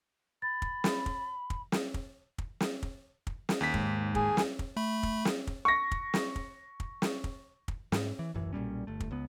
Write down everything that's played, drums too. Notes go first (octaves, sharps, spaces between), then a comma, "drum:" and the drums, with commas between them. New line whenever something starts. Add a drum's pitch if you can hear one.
B5 A6
drum: kick
drum: snare
drum: kick
drum: kick
drum: snare
drum: kick
drum: kick
drum: snare
drum: kick
drum: kick
drum: snare
D#2 B6
G#2, drum: kick
G#4, drum: kick
drum: snare
drum: kick
A3 B5
drum: kick
drum: snare
drum: kick
C#6 A#6
drum: kick
drum: snare
drum: kick
drum: kick
drum: snare
drum: kick
drum: kick
G#2, drum: snare
E3
D#1 A1 F#2 E3
B1 A#2 G3 C#4
G1 A3
drum: kick
C#2 B3